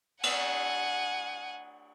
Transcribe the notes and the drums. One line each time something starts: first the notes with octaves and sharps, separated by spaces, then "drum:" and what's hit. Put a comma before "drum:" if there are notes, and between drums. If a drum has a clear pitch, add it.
F#5 G#5, drum: cymbal